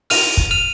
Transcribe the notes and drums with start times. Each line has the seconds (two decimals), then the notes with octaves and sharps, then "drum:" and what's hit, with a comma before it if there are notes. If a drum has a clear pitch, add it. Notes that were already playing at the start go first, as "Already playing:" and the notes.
0.10 F6 D#7 F7, drum: open hi-hat
0.37 drum: kick
0.51 F6 D#7 F7